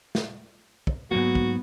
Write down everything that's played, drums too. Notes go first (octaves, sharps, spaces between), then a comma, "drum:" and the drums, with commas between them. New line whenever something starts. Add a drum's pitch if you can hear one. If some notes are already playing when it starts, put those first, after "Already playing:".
drum: snare
drum: kick
G#2 F#3 A#3 B3 F#4
drum: kick